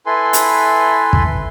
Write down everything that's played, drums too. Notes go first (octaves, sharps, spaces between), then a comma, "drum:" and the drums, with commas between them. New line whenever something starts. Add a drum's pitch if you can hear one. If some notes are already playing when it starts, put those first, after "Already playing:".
E4 A4 B4 G#5 C6
drum: hi-hat
drum: kick